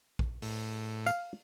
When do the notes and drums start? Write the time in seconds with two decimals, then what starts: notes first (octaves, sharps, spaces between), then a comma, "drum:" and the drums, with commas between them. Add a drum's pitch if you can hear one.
0.19 drum: kick A#1
0.42 A2, drum: open hi-hat
1.06 F5, drum: tambourine